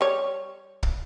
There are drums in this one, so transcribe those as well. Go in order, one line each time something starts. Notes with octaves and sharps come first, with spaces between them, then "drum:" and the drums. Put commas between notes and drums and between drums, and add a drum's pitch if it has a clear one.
G3 C#5
drum: kick